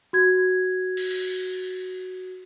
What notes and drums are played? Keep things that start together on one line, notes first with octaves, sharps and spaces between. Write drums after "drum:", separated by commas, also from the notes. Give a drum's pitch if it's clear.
F#4 G#6
drum: cymbal
drum: cymbal